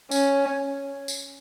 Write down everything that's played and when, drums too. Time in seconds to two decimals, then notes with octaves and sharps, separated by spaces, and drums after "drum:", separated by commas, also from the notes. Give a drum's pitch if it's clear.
0.11 C#4, drum: tambourine
1.08 drum: tambourine